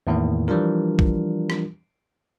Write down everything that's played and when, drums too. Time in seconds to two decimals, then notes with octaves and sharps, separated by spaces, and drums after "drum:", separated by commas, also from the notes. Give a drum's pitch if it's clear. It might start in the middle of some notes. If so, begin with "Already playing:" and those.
0.07 E2 A2 D#3 A#3
0.48 E3 F3 G3 D4 F4 A#4
0.99 drum: kick
1.50 drum: rim click